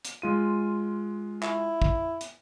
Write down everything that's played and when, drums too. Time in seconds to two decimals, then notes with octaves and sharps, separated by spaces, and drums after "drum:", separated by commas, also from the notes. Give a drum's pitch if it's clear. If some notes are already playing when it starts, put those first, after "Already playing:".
0.05 drum: hi-hat
0.22 G#3 F4 D#7
1.43 E4, drum: clap
1.82 drum: kick
2.21 drum: hi-hat